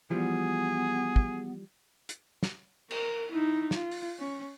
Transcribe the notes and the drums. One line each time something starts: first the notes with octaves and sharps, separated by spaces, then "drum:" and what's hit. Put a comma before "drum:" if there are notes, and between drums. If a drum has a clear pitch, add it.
E3 F3 G3 B3 G#4
drum: kick
drum: hi-hat
drum: snare
A#4, drum: cymbal
D#4 E4
F4, drum: snare
drum: open hi-hat
C#4